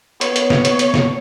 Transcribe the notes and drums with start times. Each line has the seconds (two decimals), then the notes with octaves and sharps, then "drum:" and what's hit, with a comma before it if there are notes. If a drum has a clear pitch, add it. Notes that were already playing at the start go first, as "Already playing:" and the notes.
0.21 B3 C#5, drum: hi-hat
0.36 drum: hi-hat
0.50 drum: snare
0.65 drum: hi-hat
0.79 drum: hi-hat
0.94 drum: snare